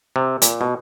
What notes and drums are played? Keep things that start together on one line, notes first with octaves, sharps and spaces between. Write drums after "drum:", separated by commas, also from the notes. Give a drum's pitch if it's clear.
C3
A#2, drum: hi-hat
B2